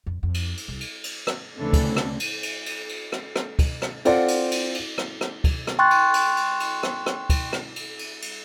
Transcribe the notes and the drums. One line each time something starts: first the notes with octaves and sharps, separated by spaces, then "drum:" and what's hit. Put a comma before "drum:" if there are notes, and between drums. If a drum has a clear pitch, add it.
F2
F2
drum: cymbal
drum: cymbal
C2
drum: cymbal
drum: cymbal
drum: rim click
D2 C#3 E3 C4 D4 A4
drum: kick, cymbal
drum: rim click
drum: cymbal
drum: cymbal
drum: cymbal
drum: cymbal
drum: rim click
drum: rim click
drum: kick, cymbal
drum: rim click
C4 F4 A4 D5 F#5, drum: cymbal
drum: cymbal
drum: cymbal
drum: cymbal
drum: rim click
drum: rim click
drum: kick, cymbal
drum: rim click
G5 C6 C#6 F#6 A6
drum: cymbal
drum: cymbal
drum: cymbal
drum: cymbal
drum: rim click
drum: rim click
drum: kick, cymbal
drum: rim click
drum: cymbal
drum: cymbal
drum: cymbal